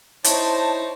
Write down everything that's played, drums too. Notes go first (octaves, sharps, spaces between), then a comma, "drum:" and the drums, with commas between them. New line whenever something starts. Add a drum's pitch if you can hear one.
D#4 E4 C5 C#5 A5, drum: hi-hat